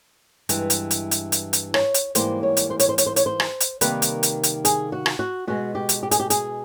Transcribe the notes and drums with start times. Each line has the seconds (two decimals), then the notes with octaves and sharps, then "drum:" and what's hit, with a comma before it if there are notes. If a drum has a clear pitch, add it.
0.49 G2 E3 G#3, drum: hi-hat
0.70 drum: hi-hat
0.91 drum: hi-hat
1.11 drum: hi-hat
1.32 drum: hi-hat
1.53 drum: hi-hat
1.74 C#5, drum: rim click
1.94 drum: hi-hat
2.15 G#2 E3 G3 A#3 C5, drum: hi-hat
2.43 C#5
2.57 drum: hi-hat
2.70 C5
2.79 C#5, drum: hi-hat
2.89 C5
2.98 C#5, drum: hi-hat
3.06 C5
3.16 C#5, drum: hi-hat
3.26 C5
3.40 drum: rim click
3.60 drum: hi-hat
3.81 C3 D#3 G3 A#3 B4, drum: hi-hat
4.02 drum: hi-hat
4.23 drum: hi-hat
4.43 drum: hi-hat
4.65 G#4, drum: hi-hat
4.92 F#4
5.06 drum: rim click
5.19 F#4
5.47 B2 G#3 F#4
5.75 G4
5.89 drum: hi-hat
6.03 G4
6.11 G#4, drum: hi-hat
6.20 G4
6.30 G#4, drum: hi-hat